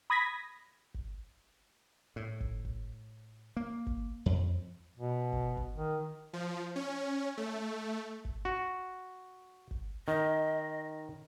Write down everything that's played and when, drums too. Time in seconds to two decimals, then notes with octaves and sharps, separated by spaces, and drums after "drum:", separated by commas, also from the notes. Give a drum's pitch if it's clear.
0.10 B5 D#6 G#6 A#6 B6
0.94 drum: kick
2.16 A2
2.40 drum: kick
2.65 drum: kick
3.57 A#3
3.87 drum: kick
4.26 F2
4.98 B2
5.33 drum: kick
5.57 drum: kick
5.75 D#3
6.33 F3
6.76 C#4
7.37 A3
8.25 drum: kick
8.45 F#4
9.71 drum: kick
10.08 D#3 D#5